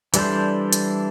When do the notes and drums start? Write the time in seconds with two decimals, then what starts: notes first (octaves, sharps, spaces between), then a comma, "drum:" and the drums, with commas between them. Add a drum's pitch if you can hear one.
0.14 E3 G3 D4 A4 C5, drum: hi-hat
0.73 drum: hi-hat